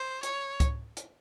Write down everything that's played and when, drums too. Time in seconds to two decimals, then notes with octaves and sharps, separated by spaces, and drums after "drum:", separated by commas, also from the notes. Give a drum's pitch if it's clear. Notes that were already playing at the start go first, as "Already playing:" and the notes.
Already playing: C5
0.23 C#5, drum: hi-hat
0.60 drum: kick C#2, hi-hat
0.97 drum: hi-hat